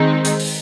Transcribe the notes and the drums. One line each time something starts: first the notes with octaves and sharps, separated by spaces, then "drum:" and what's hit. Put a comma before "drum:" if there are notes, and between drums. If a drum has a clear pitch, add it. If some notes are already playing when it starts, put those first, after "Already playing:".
Already playing: D#3 G#3 C4 D#4
drum: hi-hat
drum: open hi-hat